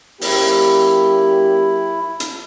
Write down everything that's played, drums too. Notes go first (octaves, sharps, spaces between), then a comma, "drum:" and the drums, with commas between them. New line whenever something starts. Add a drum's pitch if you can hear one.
F#2 A#3 E4 G4, drum: open hi-hat
drum: hi-hat